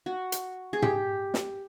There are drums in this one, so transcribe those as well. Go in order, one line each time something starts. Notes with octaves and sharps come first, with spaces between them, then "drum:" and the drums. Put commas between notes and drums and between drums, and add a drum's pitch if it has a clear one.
F#4
drum: hi-hat
G#4
G4, drum: tom
drum: snare